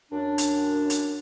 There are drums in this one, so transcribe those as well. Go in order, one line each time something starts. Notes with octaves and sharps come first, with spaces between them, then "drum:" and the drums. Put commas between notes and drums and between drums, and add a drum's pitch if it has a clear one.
F#2 D4
drum: hi-hat
drum: hi-hat